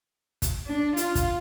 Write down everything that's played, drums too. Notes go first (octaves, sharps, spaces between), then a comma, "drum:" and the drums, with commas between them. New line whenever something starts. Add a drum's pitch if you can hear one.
drum: kick, hi-hat
D4
F4, drum: hi-hat
drum: kick, hi-hat